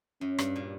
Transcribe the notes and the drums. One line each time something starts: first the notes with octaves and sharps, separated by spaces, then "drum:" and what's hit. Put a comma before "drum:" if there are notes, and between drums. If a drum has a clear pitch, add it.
F#2 C#4
G2, drum: rim click
A#2